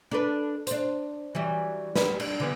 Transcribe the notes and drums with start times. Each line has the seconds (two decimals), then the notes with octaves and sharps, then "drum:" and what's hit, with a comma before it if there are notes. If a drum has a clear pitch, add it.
0.11 D4 A4 B4
0.67 D4 C5, drum: hi-hat
1.35 E3 F#3 G3
1.96 B4, drum: snare
2.20 D4, drum: cymbal
2.40 D3 E3 B3